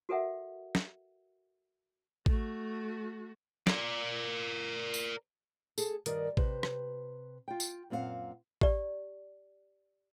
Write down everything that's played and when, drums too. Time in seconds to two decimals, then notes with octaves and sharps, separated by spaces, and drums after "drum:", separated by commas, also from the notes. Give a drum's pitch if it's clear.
0.09 F#4 A4 A#4 E5 F#5
0.75 drum: snare
2.26 A3 F#4, drum: kick
3.67 A#4 D5, drum: snare
4.94 drum: tambourine
5.78 G#4 A4, drum: tambourine
6.06 G2 D#3 A#4 D5 D#5, drum: hi-hat
6.37 C3 B4 C5, drum: kick
6.63 drum: rim click
7.48 F4 G5
7.60 drum: tambourine
7.90 F#2 A#2 C4 D4 F5 F#5
8.61 G4 D5, drum: kick